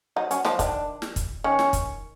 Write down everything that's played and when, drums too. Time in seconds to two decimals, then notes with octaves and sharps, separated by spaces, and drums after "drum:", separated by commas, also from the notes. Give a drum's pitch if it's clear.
0.16 F#3 D#4
0.31 F#3 C#4, drum: hi-hat
0.44 F3 D#4, drum: snare
0.59 D#3 D4, drum: kick, hi-hat
1.02 drum: snare
1.16 drum: kick, hi-hat
1.44 D#3 C#4
1.59 drum: snare
1.73 drum: kick, hi-hat